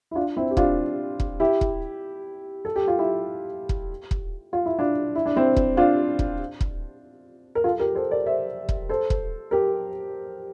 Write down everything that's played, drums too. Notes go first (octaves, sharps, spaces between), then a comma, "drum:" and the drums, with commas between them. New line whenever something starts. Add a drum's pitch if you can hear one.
E4
D4 F4
C4 E4
G4
D4 F4, drum: kick
drum: kick
E4 G4
drum: kick
A4
G4
F4
E4 G4
drum: kick
drum: kick
F4
E4
D4 F4
E4
D4
C4 E4
drum: kick
D4 F4
drum: kick
drum: kick
A#4
F4 A4
G4 A#4
A4 C5
A#4 D5
C5 E5
drum: kick
A4 C5
drum: kick
G4 A#4